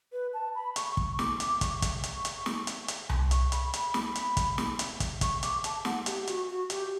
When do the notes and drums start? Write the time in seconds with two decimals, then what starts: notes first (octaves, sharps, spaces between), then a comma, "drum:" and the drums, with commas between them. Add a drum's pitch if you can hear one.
0.13 B4
0.34 A5
0.55 B5
0.76 C#6, drum: hi-hat
0.97 C#6, drum: kick
1.19 D6, drum: snare
1.40 D6, drum: hi-hat
1.61 C#6, drum: kick, hi-hat
1.82 drum: kick, hi-hat
2.03 drum: hi-hat
2.25 drum: hi-hat
2.46 drum: snare
2.67 drum: hi-hat
2.88 drum: hi-hat
3.09 drum: tom C2
3.31 C#6, drum: hi-hat
3.52 B5, drum: hi-hat
3.74 B5, drum: hi-hat
3.94 B5, drum: snare
4.15 drum: hi-hat
4.37 drum: kick, hi-hat
4.58 drum: snare
4.79 drum: hi-hat
5.00 drum: kick, hi-hat
5.21 C#6, drum: kick, hi-hat
5.43 D6, drum: hi-hat
5.64 A5, drum: hi-hat
5.85 F#5, drum: snare
6.06 G4, drum: hi-hat
6.27 F#4, drum: hi-hat
6.49 F#4
6.70 G4, drum: hi-hat